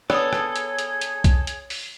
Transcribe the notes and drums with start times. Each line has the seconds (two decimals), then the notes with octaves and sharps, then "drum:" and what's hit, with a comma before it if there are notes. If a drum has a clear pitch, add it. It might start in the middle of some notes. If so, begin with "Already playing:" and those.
0.10 B3 D4 G#4 A4 C#5 G#5 D#6 G#6, drum: rim click
0.33 drum: rim click
0.56 drum: hi-hat
0.79 drum: hi-hat
1.01 drum: hi-hat
1.24 drum: kick B1, hi-hat
1.47 drum: hi-hat
1.70 drum: open hi-hat